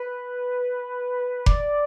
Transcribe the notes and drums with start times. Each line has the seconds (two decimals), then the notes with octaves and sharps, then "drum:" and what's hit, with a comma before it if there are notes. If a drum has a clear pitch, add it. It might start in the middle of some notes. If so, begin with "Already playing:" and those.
Already playing: B4
1.46 D5, drum: kick F1